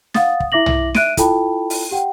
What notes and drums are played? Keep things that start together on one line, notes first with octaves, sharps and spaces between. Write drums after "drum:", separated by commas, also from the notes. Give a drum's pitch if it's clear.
F5 F#5 D#6 A6, drum: snare
drum: kick
E4 E5 D6 A#6 F#7
drum: tom
E5 F#6 D7 D#7, drum: snare
E4 F4 A4 G5 A5 B5, drum: kick, hi-hat
drum: open hi-hat
G4 F#5 G5